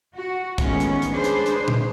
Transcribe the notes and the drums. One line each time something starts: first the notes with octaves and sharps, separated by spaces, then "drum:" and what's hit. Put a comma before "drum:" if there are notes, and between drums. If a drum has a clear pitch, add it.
F#4
D#3 F3 G#3 A3 B3 C#4, drum: kick, hi-hat
drum: hi-hat
drum: hi-hat
D4 G#4 B4 C5
drum: hi-hat
drum: hi-hat
drum: tom A#2